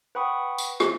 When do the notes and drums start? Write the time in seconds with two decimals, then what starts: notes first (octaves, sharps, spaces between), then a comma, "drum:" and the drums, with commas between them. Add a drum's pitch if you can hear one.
0.15 B4 F#5 G5 B5 C#6 D#6
0.58 drum: tambourine
0.80 drum: rim click